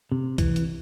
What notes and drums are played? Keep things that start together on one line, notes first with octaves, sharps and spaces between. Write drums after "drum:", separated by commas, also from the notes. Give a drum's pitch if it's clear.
C3
E3, drum: kick, hi-hat
drum: hi-hat